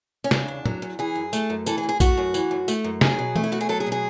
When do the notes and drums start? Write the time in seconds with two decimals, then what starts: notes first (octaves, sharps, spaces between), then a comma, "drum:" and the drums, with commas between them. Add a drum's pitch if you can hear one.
0.24 C#4
0.31 C#3 D4, drum: snare
0.48 E2
0.66 F#3, drum: tom
0.82 E2
0.99 E3 G#4
1.15 F#2
1.33 A3, drum: tambourine
1.50 F#2
1.66 E3 A4, drum: tambourine
1.78 G#4
1.83 F#2
1.89 G#4
2.00 A3 F#4, drum: kick, tambourine
2.17 F#2
2.34 E3, drum: tambourine
2.51 F#2
2.68 A3, drum: tambourine
2.84 F#2
3.01 F#3 G#4, drum: snare
3.19 B2
3.36 A3, drum: tom
3.44 E4
3.52 B2 F#4
3.61 G#4
3.69 F#3 A4
3.80 G#4
3.86 B2
3.92 G#4